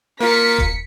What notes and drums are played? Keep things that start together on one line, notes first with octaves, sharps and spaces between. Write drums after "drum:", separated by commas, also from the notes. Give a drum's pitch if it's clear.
A#3 F4 A#4 B6 C#7
drum: kick D#1